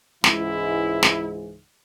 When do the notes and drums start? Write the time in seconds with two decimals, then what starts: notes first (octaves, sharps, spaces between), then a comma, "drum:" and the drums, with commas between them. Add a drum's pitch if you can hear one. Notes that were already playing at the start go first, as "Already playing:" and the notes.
0.24 C#2 G#2 E3 E4, drum: snare
1.03 drum: snare